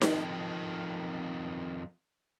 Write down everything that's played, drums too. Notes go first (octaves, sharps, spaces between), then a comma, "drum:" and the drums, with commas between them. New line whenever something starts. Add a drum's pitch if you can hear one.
F2 D#3, drum: snare D#4